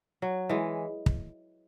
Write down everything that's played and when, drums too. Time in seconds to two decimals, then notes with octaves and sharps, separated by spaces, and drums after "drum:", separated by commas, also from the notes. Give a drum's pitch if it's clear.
0.22 F#3
0.49 E3 G#3
1.06 drum: kick